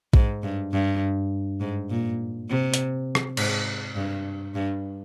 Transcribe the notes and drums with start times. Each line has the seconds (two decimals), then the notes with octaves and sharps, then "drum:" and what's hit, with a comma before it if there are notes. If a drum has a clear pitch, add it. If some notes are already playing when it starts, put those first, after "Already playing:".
0.14 G#2, drum: kick A#1
0.43 G2
0.72 G2
1.61 G#2
1.90 A#2
2.49 C3
2.74 drum: hi-hat
3.15 drum: rim click
3.37 G#2, drum: cymbal
3.96 G2
4.55 G2